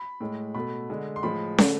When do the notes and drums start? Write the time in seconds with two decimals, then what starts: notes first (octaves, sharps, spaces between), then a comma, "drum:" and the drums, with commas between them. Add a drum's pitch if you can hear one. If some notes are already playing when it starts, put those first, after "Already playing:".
Already playing: B5
0.21 A2 G#3
0.55 B2 A3 B5
0.90 D3 G#3
1.16 C6
1.23 A2 F3 G#3 B5
1.58 D3 A3, drum: snare